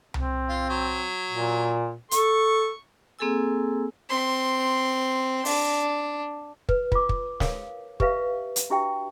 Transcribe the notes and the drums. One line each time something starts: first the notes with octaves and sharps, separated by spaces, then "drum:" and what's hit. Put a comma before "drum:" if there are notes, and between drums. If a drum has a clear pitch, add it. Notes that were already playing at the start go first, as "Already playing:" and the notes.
C4, drum: tom C2
F4
F#3
A#2
A4 C#6, drum: hi-hat
A#3 C4 G#4 A4 G#5 E6
C4 C6
D4, drum: open hi-hat
B4, drum: kick
F4 D6, drum: kick
drum: kick
A#4 C#5 F5, drum: snare
G4 B4 E5 F5, drum: kick
drum: hi-hat
D4 E4 F#4 G4 E5 G5